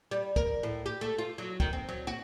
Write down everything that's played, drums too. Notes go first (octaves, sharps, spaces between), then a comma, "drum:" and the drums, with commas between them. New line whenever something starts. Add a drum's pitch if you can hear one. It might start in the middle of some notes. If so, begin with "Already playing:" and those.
G3
A#4, drum: kick
A2
G4
A3
F4
F#3
D#3, drum: kick
C4
F#3
F#4